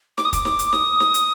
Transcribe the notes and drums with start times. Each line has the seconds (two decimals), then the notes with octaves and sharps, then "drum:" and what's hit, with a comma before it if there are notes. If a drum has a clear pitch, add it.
0.18 D6, drum: snare
0.25 D#6
0.33 D6, drum: kick, hi-hat
0.45 drum: snare
0.59 drum: hi-hat
0.73 D#6, drum: snare
1.00 drum: snare
1.14 drum: hi-hat